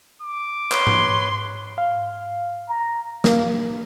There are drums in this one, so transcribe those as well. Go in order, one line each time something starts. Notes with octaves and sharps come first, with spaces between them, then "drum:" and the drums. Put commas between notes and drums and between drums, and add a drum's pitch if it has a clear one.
D6
B4 C#5 C6, drum: clap
drum: tom G#2
F5
A#5
A#3, drum: snare